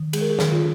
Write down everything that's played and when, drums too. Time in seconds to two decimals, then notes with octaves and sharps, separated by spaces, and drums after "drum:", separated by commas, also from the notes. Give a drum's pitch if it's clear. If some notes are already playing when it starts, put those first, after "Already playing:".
Already playing: D#3
0.13 G#3 G#4, drum: cymbal
0.21 A#4
0.30 G#4
0.39 D#3, drum: snare
0.52 F4